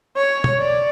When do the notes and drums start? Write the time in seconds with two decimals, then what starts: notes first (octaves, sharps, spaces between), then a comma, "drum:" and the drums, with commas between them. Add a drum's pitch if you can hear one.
0.17 C#5
0.44 drum: tom
0.60 D5